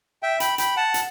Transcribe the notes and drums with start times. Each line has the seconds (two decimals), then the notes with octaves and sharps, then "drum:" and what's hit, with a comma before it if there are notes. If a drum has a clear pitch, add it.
0.23 E5 G5
0.40 G5 B5, drum: hi-hat
0.58 G5 B5, drum: hi-hat
0.76 F#5 A5
0.94 drum: hi-hat